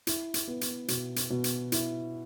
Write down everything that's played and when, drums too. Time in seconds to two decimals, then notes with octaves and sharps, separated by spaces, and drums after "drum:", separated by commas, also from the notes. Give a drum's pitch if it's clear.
0.07 E4, drum: hi-hat
0.34 drum: hi-hat
0.48 B3
0.61 drum: hi-hat
0.88 B2, drum: hi-hat
1.16 drum: hi-hat
1.30 B2
1.44 drum: hi-hat
1.72 E4, drum: hi-hat